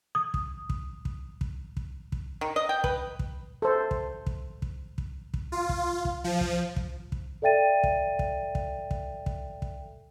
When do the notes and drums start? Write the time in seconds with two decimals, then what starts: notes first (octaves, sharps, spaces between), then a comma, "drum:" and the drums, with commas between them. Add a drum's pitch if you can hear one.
0.15 D#6
0.34 drum: kick
0.70 drum: kick
1.05 drum: kick
1.41 drum: kick
1.77 drum: kick
2.12 drum: kick
2.41 D#3
2.56 D#5
2.69 G5
2.84 B4, drum: kick
3.19 drum: kick
3.62 A4 C5
3.91 drum: kick
4.27 drum: kick
4.62 drum: kick
4.98 drum: kick
5.34 drum: kick
5.52 F4
5.69 drum: kick
6.05 drum: kick
6.24 F3
6.41 drum: kick
6.76 drum: kick
7.12 drum: kick
7.42 A4 D5 E5 G5 A6 D#7
7.84 drum: kick
8.19 drum: kick
8.55 drum: kick
8.91 drum: kick
9.26 drum: kick
9.62 drum: kick